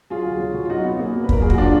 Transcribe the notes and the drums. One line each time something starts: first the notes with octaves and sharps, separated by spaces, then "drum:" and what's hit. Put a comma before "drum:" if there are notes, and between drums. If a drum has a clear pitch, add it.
F#3 F4 G#4
D2
F#3
F#3
F4
F#2 D#4 F#4
F#2 B3
F#2 A#3
F#2
B4
F#3 A#4, drum: kick
A#2 G#4
F#4, drum: kick
F#3 D4 F4